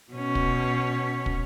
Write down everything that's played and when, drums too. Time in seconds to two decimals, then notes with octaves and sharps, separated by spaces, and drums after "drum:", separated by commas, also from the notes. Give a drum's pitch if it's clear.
0.13 B2 C#4
0.35 drum: kick
1.26 drum: kick